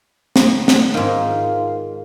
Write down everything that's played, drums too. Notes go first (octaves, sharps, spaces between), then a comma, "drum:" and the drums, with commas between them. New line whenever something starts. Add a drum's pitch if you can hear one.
drum: snare
drum: snare
G#2 D#3 F4